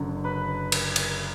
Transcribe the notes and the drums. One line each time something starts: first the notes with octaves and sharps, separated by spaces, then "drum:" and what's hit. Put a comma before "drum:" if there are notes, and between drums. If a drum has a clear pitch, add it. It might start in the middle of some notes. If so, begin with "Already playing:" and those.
Already playing: F#1 F#2 D3
B4 B5
drum: cymbal
drum: cymbal